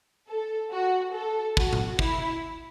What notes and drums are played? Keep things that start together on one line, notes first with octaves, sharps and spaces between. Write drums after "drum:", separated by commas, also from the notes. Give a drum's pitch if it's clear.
A4
F#4
A4
F#4, drum: kick
drum: tom A2
E4, drum: kick